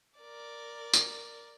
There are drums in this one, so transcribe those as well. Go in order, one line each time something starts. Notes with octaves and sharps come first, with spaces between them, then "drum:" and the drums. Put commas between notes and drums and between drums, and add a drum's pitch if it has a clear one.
A#4 D5
drum: tambourine